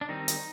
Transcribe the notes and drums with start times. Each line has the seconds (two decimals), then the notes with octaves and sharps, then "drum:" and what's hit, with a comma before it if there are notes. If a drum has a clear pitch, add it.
0.01 D4
0.09 D#3 G3 C4 D#4
0.28 drum: hi-hat